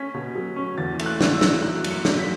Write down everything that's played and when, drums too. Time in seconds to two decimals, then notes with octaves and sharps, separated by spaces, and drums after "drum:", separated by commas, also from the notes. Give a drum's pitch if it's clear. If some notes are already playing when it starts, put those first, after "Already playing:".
Already playing: C#4 B6
0.14 B2
0.35 F#3
0.56 C#4
0.78 E2 A6
0.99 A3, drum: cymbal
1.06 F#6
1.21 E2, drum: snare
1.34 E6
1.41 F#3, drum: snare
1.62 F#2 F#6
1.84 F#2, drum: cymbal
1.91 C#7
2.05 F#2, drum: snare
2.19 B6